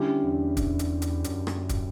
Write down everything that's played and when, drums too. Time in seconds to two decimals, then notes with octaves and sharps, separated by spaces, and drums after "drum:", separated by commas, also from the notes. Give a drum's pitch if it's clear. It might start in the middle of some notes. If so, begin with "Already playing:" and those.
Already playing: D3 G3 C#4 E4 G4
0.23 E2
0.57 drum: kick, hi-hat
0.79 drum: hi-hat
1.02 drum: hi-hat
1.24 F#2, drum: hi-hat
1.47 drum: rim click
1.69 drum: kick, hi-hat